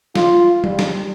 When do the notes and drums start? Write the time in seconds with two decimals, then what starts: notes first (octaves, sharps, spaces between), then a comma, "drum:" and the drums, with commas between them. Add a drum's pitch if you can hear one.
0.15 F4, drum: snare
0.64 G3, drum: tom
0.79 drum: snare